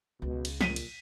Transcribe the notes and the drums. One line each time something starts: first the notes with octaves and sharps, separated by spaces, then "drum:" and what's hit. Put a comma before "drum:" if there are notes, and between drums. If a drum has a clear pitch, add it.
C#2 B2
drum: cymbal
A#2 B6 D#7, drum: snare
drum: cymbal